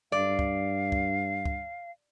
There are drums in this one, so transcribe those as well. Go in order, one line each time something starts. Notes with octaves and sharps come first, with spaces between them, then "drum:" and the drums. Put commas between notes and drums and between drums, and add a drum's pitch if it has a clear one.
G2 D5 F5
drum: kick
drum: kick
drum: kick